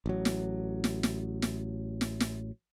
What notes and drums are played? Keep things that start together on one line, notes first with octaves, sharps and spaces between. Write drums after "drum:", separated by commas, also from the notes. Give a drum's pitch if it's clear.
A1 F#3
drum: snare
drum: snare
drum: snare
drum: snare
drum: snare
drum: snare